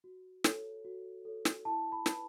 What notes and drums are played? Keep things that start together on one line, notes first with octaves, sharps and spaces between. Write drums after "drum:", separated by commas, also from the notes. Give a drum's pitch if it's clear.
F#4
A4 C#5, drum: snare
F#4
A4 C#5
drum: snare
E4 A5
B5
B4, drum: snare